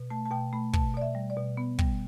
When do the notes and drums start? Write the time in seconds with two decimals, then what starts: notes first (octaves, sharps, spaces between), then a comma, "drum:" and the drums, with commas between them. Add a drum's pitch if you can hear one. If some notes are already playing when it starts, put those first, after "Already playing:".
Already playing: B2
0.10 A3 A5
0.25 A5
0.31 B2 G5
0.53 A3 B5
0.73 B2 A5, drum: kick
0.94 B2 D5
1.02 E5
1.15 G3
1.30 D5
1.37 B2
1.57 B3
1.79 G3, drum: kick